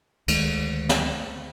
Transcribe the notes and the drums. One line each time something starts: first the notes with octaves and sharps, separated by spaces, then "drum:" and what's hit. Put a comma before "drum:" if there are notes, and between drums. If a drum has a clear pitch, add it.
D2 D#3 G#3 A3, drum: cymbal
drum: snare